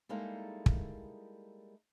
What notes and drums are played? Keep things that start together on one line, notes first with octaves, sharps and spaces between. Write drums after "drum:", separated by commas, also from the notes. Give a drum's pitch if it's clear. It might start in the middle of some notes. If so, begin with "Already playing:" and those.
G3 G#3 A#3 D#4 E4 A4
drum: kick